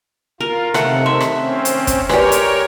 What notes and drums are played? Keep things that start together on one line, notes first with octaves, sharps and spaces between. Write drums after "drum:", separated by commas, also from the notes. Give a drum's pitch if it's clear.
F4 A#4
C3 D#3 A3 F#5, drum: rim click
E5 C6
drum: rim click
C4 C#4
drum: hi-hat
drum: kick, hi-hat
G#3 G4 A#4 B4 C#5 D5, drum: rim click
drum: hi-hat